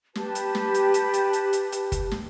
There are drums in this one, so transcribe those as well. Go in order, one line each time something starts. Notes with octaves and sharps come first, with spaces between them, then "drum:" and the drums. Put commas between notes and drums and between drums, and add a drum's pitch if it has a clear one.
G4 B4 A5, drum: snare
drum: hi-hat
drum: snare
drum: hi-hat
drum: hi-hat
drum: hi-hat
drum: hi-hat
drum: hi-hat
drum: hi-hat
drum: kick, hi-hat
drum: snare